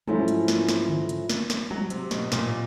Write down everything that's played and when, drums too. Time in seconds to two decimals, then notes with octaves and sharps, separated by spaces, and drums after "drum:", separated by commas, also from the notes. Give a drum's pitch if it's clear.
0.07 G#2 F3 F#3 A3 C#4 E4, drum: tom G3
0.28 drum: hi-hat
0.48 drum: snare
0.69 drum: snare
0.89 drum: tom C#3
1.09 drum: hi-hat
1.29 drum: snare
1.50 drum: snare
1.71 F#3, drum: tom G3
1.90 C3, drum: hi-hat
2.11 B2, drum: snare
2.32 A#2, drum: snare